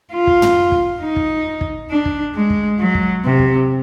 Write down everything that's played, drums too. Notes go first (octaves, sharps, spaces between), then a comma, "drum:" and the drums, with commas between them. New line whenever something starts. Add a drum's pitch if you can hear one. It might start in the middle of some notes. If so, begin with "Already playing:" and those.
F4
drum: kick
drum: tom
drum: kick
D#4
drum: kick
drum: kick
D4
drum: kick
G#3
drum: kick
F#3
drum: kick
C3
drum: kick